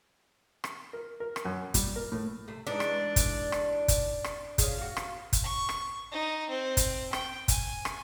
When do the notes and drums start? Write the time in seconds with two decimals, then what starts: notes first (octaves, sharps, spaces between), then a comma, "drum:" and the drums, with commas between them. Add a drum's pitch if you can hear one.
0.64 drum: rim click
0.93 A#4
1.20 A#4
1.36 drum: rim click
1.45 F#2
1.74 G3, drum: kick, hi-hat
1.96 A#4
2.12 A2
2.48 C3 A3
2.67 E3 G#3 D4 D#4
2.80 drum: rim click
3.16 drum: kick, hi-hat
3.52 drum: rim click
3.88 drum: kick, hi-hat
4.24 drum: rim click
4.58 C#4 F4 G#4, drum: kick, hi-hat
4.78 F4 F#4
4.97 drum: rim click
5.33 drum: kick, hi-hat
5.43 C#6
5.69 drum: rim click
6.11 D#4
6.49 C4
6.77 drum: kick, hi-hat
7.13 G5, drum: rim click
7.48 G#5, drum: kick, hi-hat
7.85 drum: rim click